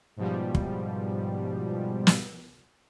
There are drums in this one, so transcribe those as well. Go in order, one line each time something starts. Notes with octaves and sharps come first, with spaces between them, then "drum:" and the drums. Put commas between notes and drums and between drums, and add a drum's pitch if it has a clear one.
G#2 B2 F3 G3
drum: kick
drum: snare